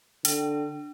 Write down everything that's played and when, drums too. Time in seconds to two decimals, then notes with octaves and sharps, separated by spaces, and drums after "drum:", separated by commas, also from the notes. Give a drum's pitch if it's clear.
0.25 D3 D4, drum: hi-hat